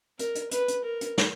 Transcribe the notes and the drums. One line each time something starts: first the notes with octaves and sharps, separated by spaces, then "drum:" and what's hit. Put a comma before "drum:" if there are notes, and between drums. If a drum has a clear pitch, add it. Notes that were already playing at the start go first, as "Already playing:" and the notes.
A#4, drum: hi-hat
drum: hi-hat
B4, drum: hi-hat
drum: hi-hat
A#4
drum: hi-hat
drum: snare